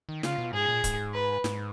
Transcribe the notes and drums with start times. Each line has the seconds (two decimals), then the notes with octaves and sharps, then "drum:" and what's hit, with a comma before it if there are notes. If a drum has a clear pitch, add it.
0.09 D#3
0.23 C#3 F4, drum: snare
0.38 B2
0.53 G#2 G#4
0.68 A#2
0.84 G#2, drum: kick C#1, hi-hat
1.14 B4
1.44 G#2, drum: snare